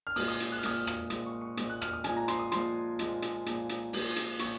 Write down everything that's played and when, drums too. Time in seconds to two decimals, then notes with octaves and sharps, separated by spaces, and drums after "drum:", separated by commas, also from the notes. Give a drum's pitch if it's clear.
0.07 F6
0.16 A#2 G#3 D#6, drum: open hi-hat
0.28 D#6
0.40 drum: hi-hat
0.52 F#6
0.59 F6
0.63 A#2 G#3 D#6, drum: hi-hat
0.73 F6
0.87 drum: rim click
1.10 A#2 G#3 D#6, drum: hi-hat
1.26 C#6
1.41 C#6
1.57 A#2 G#3 D#6, drum: hi-hat
1.69 F#6
1.81 F6, drum: rim click
1.93 D#6
2.04 A#2 F3 G#3 G#5, drum: hi-hat
2.17 A#5
2.28 C6, drum: hi-hat
2.39 D#6
2.52 A#2 F3 G#3 C6, drum: hi-hat
2.99 A#2 F3 G#3, drum: hi-hat
3.22 drum: hi-hat
3.46 A#2 F3 G#3, drum: hi-hat
3.69 drum: hi-hat
3.93 A#2 F3 G#3, drum: open hi-hat
4.16 drum: hi-hat
4.39 A#2 F3 C#6, drum: hi-hat